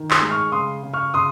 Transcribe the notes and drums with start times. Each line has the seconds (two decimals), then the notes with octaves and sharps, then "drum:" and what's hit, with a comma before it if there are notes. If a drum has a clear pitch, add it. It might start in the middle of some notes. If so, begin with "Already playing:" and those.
Already playing: D#3
0.11 C6 D#6, drum: clap
0.21 G#3
0.31 C#6 F6
0.52 C#3 C6 D#6
0.83 C#3
0.94 C#6 F6
1.14 C#3 C6 D#6